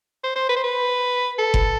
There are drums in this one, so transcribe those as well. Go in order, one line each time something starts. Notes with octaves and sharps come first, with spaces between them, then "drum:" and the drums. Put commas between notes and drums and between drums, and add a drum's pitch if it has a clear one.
C5
C5
B4
C5
B4
A4
drum: kick F#1